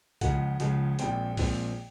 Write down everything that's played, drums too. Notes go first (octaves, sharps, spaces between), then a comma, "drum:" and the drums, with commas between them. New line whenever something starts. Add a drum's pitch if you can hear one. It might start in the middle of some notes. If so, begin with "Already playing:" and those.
C#2 C#3 F3 G#3 F#5, drum: kick C2, hi-hat
C#2 C#3 F3 G#3, drum: hi-hat
A#1 A#2 F3 G#3 C4 G5, drum: hi-hat
A#1 A#2 F3 G#3 C4, drum: kick C2, open hi-hat